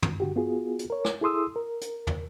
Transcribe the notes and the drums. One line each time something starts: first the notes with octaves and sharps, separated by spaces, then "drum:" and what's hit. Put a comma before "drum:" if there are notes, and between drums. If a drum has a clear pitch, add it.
drum: tom
D3 F#4 G4
B3 F4 F#4 G#4
drum: hi-hat
A#4 C#5
drum: rim click
E4 G#4 A4 C6 D#6 E6
A#4
drum: hi-hat
drum: tom